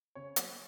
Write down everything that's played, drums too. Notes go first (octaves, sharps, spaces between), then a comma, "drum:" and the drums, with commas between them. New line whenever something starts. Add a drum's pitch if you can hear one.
C#3 C#5
F#3 A#3, drum: hi-hat